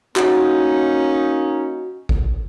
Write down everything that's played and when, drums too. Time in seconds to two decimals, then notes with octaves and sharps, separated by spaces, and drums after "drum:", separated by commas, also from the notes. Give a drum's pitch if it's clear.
0.16 A#3 C#4 D#4 F#4, drum: clap
2.09 drum: kick G#1